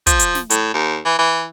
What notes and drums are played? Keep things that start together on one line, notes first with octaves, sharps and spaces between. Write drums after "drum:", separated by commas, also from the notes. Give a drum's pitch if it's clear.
F3, drum: kick, hi-hat
drum: hi-hat
drum: snare
A2, drum: hi-hat
D#2
E3
E3